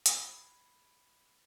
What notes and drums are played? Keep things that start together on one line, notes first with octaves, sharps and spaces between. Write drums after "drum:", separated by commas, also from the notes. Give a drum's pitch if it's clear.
B5 G#6 C7, drum: hi-hat